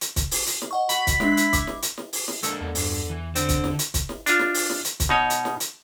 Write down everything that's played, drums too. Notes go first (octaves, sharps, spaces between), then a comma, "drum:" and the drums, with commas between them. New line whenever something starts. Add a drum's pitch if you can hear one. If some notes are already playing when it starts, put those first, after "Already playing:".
drum: hi-hat
drum: kick, hi-hat
drum: open hi-hat
drum: hi-hat
drum: snare
D#5 F#5 C#6
F#4 B5, drum: hi-hat
drum: kick, hi-hat
G#3 D4 E4, drum: snare
drum: hi-hat
E5 D6, drum: kick, hi-hat
drum: snare
drum: hi-hat
drum: snare
drum: open hi-hat
drum: snare
G#3 A#3 D4 A4, drum: hi-hat
E2 D3
G2, drum: open hi-hat
E3
D3 C4 D4, drum: hi-hat
drum: kick, hi-hat
drum: snare
drum: hi-hat
drum: kick, hi-hat
drum: snare
D4 F4, drum: hi-hat
drum: snare
drum: open hi-hat
drum: snare
drum: hi-hat
drum: kick, hi-hat
B2 D#4 C#5
drum: hi-hat
drum: snare
drum: hi-hat